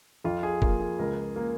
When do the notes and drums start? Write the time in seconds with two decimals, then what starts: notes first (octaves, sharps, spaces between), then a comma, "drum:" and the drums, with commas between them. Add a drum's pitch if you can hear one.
0.24 F2 F4
0.43 G#4
0.62 A#3 F4, drum: kick
0.81 G#4
0.99 C#2 A#4
1.36 A#3